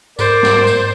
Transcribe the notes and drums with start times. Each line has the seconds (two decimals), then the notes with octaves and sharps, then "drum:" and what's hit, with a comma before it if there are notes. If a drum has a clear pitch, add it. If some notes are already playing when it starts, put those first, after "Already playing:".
0.19 G#2 A#4 C5 D5, drum: tambourine
0.43 drum: snare
0.67 drum: tambourine